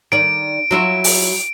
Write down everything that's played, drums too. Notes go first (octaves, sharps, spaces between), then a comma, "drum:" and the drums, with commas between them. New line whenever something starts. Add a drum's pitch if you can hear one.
D#3 D5 D7
F#3 E4 F4
drum: open hi-hat